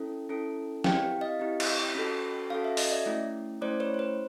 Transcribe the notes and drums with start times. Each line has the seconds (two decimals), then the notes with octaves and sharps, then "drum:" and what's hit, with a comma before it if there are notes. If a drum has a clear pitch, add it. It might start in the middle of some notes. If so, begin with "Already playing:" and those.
Already playing: C#4 E4 A4
0.29 C#4 E4 A4
0.84 C4 E4 G4 F5 G5, drum: snare
1.21 D#5 F5
1.40 C4 E4 G4
1.60 drum: cymbal
1.95 C#4 F#4 A4
2.50 C#4 F#4 A4 F5
2.64 E5
2.77 D#5, drum: open hi-hat
2.92 D5 E5
3.06 A3 C#4 E4
3.61 A3 C#4 E4 C5 D5
3.80 B4 C#5
3.94 C5
3.99 B4